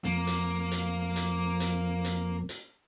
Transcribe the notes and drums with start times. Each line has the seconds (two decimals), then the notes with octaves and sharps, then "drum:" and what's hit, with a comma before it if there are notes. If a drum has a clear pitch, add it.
0.05 F2 A#3
0.27 drum: hi-hat
0.72 drum: hi-hat
1.16 drum: hi-hat
1.60 drum: hi-hat
2.05 drum: hi-hat
2.49 drum: hi-hat